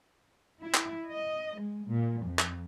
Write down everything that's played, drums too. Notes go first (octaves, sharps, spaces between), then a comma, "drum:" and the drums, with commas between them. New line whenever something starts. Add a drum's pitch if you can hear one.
E4
drum: clap
D#5
G#3
A#2
F2
drum: clap